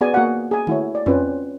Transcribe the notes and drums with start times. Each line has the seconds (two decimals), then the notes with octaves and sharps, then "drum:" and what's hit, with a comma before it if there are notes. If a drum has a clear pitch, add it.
0.01 B3 F#4 G#4 D5 G#5
0.13 A#3 F#4 G#4 F5 F#5 G#5
0.51 G#4 G#5
0.67 A3 E4 F#4 C#5, drum: tom D3
0.95 D5
1.06 C4 C#4 F4 B4 C5, drum: tom F2